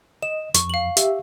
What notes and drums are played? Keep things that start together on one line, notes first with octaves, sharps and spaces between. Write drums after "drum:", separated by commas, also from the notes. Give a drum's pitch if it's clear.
D#5 E7
F2 C#6, drum: hi-hat
F5 F#7
G4 E5, drum: hi-hat